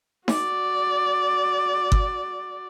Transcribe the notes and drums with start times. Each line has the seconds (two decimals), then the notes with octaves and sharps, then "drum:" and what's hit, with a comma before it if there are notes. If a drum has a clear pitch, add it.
0.28 F#4 D5, drum: snare D#4
1.92 drum: kick G1